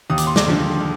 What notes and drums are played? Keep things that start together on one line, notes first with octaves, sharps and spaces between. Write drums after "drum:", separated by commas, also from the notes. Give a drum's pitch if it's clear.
D#2 D#6
D6, drum: hi-hat
C6
D6, drum: snare
D3 F3